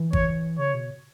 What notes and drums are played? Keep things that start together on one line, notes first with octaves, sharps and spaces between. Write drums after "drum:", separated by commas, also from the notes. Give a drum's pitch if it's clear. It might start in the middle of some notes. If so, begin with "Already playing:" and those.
Already playing: E3
C#5, drum: kick G#1
C#3 C#5
B2